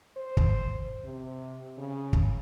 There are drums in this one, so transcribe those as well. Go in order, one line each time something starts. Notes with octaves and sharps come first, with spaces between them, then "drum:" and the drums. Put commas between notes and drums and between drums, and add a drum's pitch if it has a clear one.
C5
drum: kick
C3
C#3
drum: kick